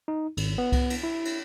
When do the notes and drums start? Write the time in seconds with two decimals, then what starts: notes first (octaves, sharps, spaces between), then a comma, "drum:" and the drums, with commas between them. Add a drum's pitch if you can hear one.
0.08 D#4
0.37 G#1, drum: cymbal
0.58 B3
0.72 drum: kick C2, cymbal
0.90 drum: cymbal
1.03 E4
1.25 drum: cymbal